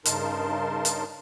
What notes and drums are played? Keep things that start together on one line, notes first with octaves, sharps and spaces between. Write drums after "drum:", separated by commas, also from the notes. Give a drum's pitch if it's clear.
G2 C#3 D#4 A#4 A5 C6, drum: hi-hat
drum: hi-hat